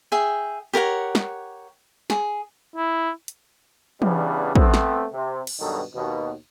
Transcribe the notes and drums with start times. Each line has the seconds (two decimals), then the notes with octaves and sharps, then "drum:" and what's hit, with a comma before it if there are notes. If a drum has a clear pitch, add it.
0.12 G#4 E5 G5
0.73 G4 A#4 C#5 F#5
1.15 drum: snare
2.10 G#4, drum: snare
2.76 E4
3.28 drum: hi-hat
4.02 C#3 E3 G3 B3 D4, drum: tom E3
4.55 A3 B3 C4, drum: kick
4.74 drum: snare
5.13 C3
5.47 drum: cymbal
5.60 G2 B2 D#3 F#3 A4
5.95 D#2 B2